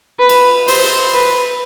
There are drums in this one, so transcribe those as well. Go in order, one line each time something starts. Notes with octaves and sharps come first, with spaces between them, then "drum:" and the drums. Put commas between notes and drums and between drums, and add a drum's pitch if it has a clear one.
B4
drum: cymbal
C5, drum: open hi-hat
B4